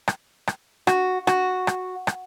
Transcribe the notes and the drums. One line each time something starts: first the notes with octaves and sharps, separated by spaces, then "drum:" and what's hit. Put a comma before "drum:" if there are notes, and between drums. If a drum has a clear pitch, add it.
drum: rim click
drum: rim click
F#4, drum: rim click
F#4, drum: rim click
drum: rim click
drum: rim click